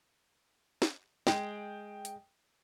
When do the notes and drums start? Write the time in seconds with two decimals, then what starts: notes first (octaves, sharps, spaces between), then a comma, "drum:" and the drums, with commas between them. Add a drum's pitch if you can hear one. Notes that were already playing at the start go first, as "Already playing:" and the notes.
0.82 drum: snare
1.27 G#3 G5, drum: snare
2.05 drum: hi-hat